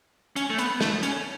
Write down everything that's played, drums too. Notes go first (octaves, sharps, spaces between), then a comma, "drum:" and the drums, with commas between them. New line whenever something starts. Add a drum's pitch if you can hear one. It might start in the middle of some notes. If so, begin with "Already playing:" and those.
C#4, drum: hi-hat
A3
B3, drum: hi-hat
A3, drum: snare
C#4, drum: hi-hat